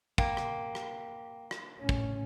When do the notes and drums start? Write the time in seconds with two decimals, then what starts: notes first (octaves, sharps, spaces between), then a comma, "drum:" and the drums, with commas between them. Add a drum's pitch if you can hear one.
0.18 A#3 G5, drum: kick
0.37 drum: rim click
0.75 drum: rim click
1.51 drum: rim click
1.79 A2 C#4
1.89 drum: kick